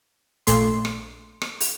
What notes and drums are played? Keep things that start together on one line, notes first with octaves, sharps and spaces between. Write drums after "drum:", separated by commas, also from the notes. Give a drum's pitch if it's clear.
A#1 A3 C6, drum: hi-hat
drum: rim click
drum: rim click
drum: open hi-hat